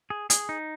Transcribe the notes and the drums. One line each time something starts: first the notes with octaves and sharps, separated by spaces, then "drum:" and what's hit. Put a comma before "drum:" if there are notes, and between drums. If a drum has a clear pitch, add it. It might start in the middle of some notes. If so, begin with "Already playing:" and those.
G#4
G#4, drum: hi-hat
D#4